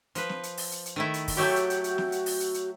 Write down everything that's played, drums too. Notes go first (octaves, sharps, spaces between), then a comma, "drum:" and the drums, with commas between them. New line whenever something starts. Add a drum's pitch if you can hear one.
F3 B4, drum: hi-hat
drum: snare
drum: hi-hat
drum: open hi-hat
drum: hi-hat
drum: hi-hat
D#3 A3 E4
drum: hi-hat
drum: kick, open hi-hat
F#3 A3 F#4 G4 C#5 E5 G5
drum: hi-hat
drum: hi-hat
drum: hi-hat
drum: snare
drum: hi-hat
drum: open hi-hat
drum: hi-hat
drum: hi-hat